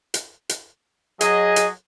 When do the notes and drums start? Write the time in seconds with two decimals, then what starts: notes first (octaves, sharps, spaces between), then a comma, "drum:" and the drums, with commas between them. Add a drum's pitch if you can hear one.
0.14 drum: hi-hat
0.49 drum: hi-hat
1.21 F#3 G#4 D#5, drum: hi-hat
1.56 drum: hi-hat